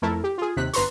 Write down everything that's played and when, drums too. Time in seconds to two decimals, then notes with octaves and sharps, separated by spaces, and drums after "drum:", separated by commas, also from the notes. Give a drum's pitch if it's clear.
0.02 F2 A3 E4 A4 A#4
0.24 G4
0.38 F4 G#4
0.57 D#2 C3 F#6 B6
0.73 G1 B4 A#5 C6 C#6, drum: hi-hat